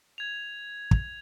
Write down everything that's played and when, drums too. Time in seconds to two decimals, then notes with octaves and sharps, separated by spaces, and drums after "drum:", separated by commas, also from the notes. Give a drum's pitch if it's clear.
0.18 G#6 F7
0.91 drum: kick